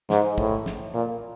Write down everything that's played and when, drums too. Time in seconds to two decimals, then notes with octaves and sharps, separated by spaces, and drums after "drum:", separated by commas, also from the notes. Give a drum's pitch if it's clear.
0.10 G#2, drum: snare
0.38 A2, drum: kick
0.66 drum: snare
0.94 A#2